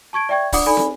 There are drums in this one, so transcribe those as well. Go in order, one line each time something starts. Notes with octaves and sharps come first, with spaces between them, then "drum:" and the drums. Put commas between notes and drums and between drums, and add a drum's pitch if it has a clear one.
A5 C#6 G#6 D7
D5 E5 G5 C#6 G#6
D4 F4 D5 F#5 D6 D#6, drum: kick, open hi-hat
D#4 A4 D5 G#5 B5
drum: snare